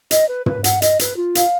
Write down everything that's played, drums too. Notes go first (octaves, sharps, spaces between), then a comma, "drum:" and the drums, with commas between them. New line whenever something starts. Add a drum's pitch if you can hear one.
D#5, drum: hi-hat
B4
B4, drum: tom
F#5, drum: hi-hat
D#5, drum: hi-hat
B4, drum: hi-hat
F4
F5, drum: hi-hat